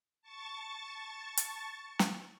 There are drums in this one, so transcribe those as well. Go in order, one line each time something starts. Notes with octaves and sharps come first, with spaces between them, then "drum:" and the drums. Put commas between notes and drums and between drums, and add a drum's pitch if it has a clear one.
A5 C#6 A6
drum: hi-hat
drum: snare